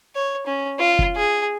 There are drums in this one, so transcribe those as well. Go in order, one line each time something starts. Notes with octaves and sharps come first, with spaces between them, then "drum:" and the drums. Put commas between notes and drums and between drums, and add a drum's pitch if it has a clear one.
C#5
C#4
F4
drum: kick
G#4